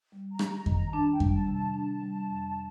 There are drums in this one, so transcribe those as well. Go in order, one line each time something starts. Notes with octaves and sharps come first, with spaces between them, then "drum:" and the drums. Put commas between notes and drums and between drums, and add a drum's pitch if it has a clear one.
G3
A#5
G4, drum: rim click
A#5
D#3, drum: kick F2
A#5
D4 A5
G5
G3, drum: kick F2
A5
C3
A5
D4 A5
G3
F2